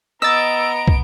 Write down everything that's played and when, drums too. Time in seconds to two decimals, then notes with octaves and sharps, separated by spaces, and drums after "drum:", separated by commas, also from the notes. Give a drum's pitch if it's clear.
0.22 B3 D#5 A#5 E6 A6 D7
0.88 drum: kick